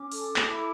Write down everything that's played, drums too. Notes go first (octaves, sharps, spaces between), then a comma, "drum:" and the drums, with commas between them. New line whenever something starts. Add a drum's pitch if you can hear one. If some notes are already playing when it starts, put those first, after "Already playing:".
Already playing: C#4 D6
A4, drum: open hi-hat
drum: clap
E4